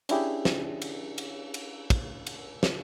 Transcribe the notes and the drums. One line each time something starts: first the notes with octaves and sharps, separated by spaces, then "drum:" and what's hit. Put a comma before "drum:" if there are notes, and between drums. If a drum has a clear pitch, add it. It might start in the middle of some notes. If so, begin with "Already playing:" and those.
C#4 D4 E4 G4 G#4, drum: cymbal
drum: snare
drum: cymbal
drum: cymbal
drum: cymbal
drum: kick, cymbal
drum: cymbal
drum: snare